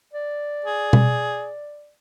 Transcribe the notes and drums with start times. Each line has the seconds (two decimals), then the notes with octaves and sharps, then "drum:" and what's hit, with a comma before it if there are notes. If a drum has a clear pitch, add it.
0.14 D5
0.65 G#4
0.93 drum: tom B2